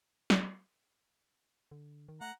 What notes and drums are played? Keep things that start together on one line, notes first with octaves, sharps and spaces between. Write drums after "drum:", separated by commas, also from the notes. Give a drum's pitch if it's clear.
drum: snare
D3
D#3
A3 F#5 A#5